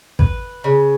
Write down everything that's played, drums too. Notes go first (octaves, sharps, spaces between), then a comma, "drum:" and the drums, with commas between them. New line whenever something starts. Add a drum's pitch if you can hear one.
B4, drum: kick
C#3